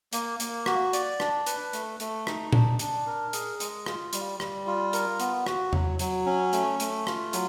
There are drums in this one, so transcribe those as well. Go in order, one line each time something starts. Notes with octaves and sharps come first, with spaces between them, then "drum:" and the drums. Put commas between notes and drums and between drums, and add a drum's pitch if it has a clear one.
A#3, drum: hi-hat
A#3, drum: hi-hat
F#4, drum: rim click
D5, drum: hi-hat
D4, drum: rim click
B4, drum: hi-hat
A3, drum: hi-hat
A3, drum: hi-hat
D#4, drum: rim click
D4, drum: tom A#2
D4, drum: hi-hat
A#4
G#4, drum: hi-hat
G#3, drum: hi-hat
F4, drum: rim click
G3, drum: hi-hat
G3, drum: rim click
F4
A#4, drum: hi-hat
B3, drum: hi-hat
F#4, drum: rim click
F#3, drum: tom E2
F#3, drum: hi-hat
C#4
A3, drum: hi-hat
A3, drum: hi-hat
F4, drum: rim click
F#3, drum: hi-hat